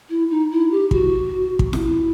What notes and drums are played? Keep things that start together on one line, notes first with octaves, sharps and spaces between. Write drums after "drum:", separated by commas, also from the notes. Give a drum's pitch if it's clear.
E4
D#4
E4
G4
F#4, drum: kick
drum: kick
E4, drum: snare